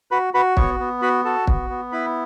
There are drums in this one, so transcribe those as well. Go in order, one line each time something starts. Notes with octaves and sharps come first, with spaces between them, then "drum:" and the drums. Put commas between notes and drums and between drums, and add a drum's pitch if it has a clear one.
F#4 B4 B5
F#4 B4 B5
B3 C#5 C#6, drum: kick
B3
F#4 B4 B5
F#4 A4 A5
B3, drum: kick
B3
E4 B4 B5